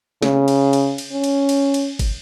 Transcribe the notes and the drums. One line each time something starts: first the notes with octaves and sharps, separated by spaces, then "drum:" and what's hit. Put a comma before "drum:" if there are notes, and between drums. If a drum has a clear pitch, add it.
C#3, drum: snare
drum: cymbal
drum: cymbal
drum: cymbal
C#4
drum: cymbal
drum: cymbal
drum: cymbal
drum: kick, cymbal